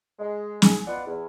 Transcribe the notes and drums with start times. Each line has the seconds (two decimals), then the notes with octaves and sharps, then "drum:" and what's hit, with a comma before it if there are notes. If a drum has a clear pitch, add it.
0.19 G#3
0.62 G#4, drum: snare
0.86 B3 F4 D5 D#5 F#5
1.06 E2